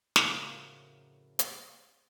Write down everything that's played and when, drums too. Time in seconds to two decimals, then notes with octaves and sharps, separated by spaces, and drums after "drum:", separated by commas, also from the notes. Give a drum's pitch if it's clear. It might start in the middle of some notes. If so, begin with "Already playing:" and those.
0.16 F2 A2 C#3 F#4 A#4, drum: snare
1.39 drum: hi-hat